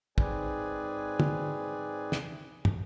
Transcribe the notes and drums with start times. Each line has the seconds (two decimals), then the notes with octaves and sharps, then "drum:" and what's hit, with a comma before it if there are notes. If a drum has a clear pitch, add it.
0.18 G#2 C4 G#4 B4 D5 G#5, drum: kick
1.20 drum: tom
2.12 drum: snare
2.65 drum: tom